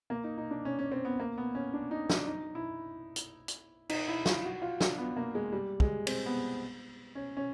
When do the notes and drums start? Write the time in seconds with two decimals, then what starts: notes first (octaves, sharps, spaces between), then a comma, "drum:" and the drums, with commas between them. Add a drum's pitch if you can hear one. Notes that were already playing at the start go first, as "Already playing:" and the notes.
0.10 A#3
0.24 D#4
0.38 D#4
0.51 D4
0.65 C#4
0.79 C#4
0.92 C4
1.05 B3
1.20 A#3
1.38 B3
1.55 C#4
1.74 D4
1.91 D#4
2.10 D4, drum: snare
2.27 D#4
2.55 E4
3.16 drum: hi-hat
3.48 drum: hi-hat
3.89 D#4, drum: cymbal
4.08 E4
4.26 F4, drum: snare
4.45 F#4
4.62 F4
4.81 D4, drum: snare
4.98 B3
5.17 A#3
5.35 G#3
5.52 G3
5.80 G#3, drum: kick
6.07 C4, drum: cymbal
6.26 B3
7.15 C#4
7.37 C#4